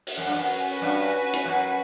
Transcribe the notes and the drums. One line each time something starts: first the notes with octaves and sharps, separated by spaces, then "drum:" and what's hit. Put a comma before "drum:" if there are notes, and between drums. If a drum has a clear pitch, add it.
drum: open hi-hat
F#2 C#4 F#4 B4
G2
F#2
G2
drum: hi-hat
F#2